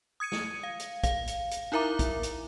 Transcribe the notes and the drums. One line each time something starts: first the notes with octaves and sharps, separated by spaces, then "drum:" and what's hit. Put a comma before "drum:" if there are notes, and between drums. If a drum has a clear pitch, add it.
D#6 G#6 C#7 D#7
drum: snare
F5
drum: hi-hat
F5, drum: kick, hi-hat
drum: hi-hat
drum: hi-hat
D#4 E4 A#4 E5 A#5 D6
drum: kick, hi-hat
drum: hi-hat